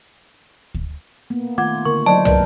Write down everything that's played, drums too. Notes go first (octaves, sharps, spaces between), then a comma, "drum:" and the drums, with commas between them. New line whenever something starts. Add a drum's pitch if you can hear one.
drum: kick
A#3 B3
D#3 A3 F4 F#5 D6 G#6
D3 A#3 A#4 C#6
F#3 E4 C5 D5 D#5 A5
F#3 A#4 B4 D5, drum: tom